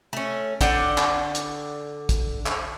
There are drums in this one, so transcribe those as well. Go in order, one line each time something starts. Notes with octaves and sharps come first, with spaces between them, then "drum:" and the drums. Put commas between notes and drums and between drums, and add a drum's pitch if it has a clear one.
A3 C#4
D3 D4 F#5 G5, drum: kick, hi-hat
drum: clap
drum: hi-hat
drum: kick, hi-hat
drum: clap